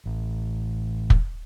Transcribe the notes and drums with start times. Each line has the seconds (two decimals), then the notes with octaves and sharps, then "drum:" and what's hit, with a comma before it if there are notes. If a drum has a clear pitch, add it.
0.06 A1
1.10 drum: kick